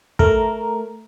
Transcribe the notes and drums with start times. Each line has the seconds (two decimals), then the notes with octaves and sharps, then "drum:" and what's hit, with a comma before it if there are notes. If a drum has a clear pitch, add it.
0.19 A3 A#4, drum: kick